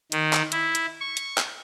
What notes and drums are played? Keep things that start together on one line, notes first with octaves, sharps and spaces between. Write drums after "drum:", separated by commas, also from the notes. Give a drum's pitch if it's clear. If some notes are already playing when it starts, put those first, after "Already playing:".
D#3, drum: hi-hat
drum: clap
E4, drum: hi-hat
drum: hi-hat
C#6
drum: hi-hat
drum: clap